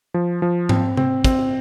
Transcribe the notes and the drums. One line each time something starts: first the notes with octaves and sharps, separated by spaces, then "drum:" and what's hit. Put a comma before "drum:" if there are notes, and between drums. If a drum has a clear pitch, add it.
F3
F3
C4, drum: tom G#2
C4, drum: tom C3
C4, drum: kick, hi-hat